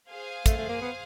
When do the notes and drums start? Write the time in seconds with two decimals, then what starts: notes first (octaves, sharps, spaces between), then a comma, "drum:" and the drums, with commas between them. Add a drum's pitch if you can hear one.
0.10 G#4 C5 F5 G#5
0.46 A3, drum: kick, hi-hat
0.58 A3
0.69 A#3
0.82 B3